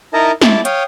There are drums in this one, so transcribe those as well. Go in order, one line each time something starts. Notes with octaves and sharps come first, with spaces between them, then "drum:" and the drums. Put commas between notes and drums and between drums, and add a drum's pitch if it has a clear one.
D#4 E4 A#4 D#5 A5 A#5
E4 A5 D6, drum: snare
C#5 F5 G5 D#6, drum: hi-hat